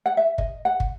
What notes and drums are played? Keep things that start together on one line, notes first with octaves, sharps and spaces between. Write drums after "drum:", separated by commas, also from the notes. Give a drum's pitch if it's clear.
F#5
E5
D#5, drum: kick
F#5
drum: kick